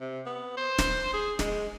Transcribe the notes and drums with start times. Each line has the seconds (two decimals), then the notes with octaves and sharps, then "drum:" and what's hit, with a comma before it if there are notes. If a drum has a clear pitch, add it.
0.01 C3
0.26 B3
0.57 C5
0.78 drum: snare
1.13 G#4
1.39 G#3, drum: snare